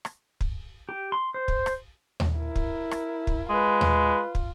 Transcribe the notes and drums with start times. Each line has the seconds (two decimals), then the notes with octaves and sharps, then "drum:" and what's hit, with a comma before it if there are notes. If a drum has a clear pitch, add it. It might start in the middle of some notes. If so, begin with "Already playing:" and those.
0.05 drum: rim click
0.41 drum: kick
0.89 G4
1.12 C6
1.34 C5
1.48 drum: kick
1.66 drum: rim click
2.20 drum: tom D#2
2.38 E4 A#4
2.56 drum: kick
2.91 drum: rim click
3.27 drum: kick
3.50 G#3 F4 B4
3.81 drum: tom D#2
4.35 drum: kick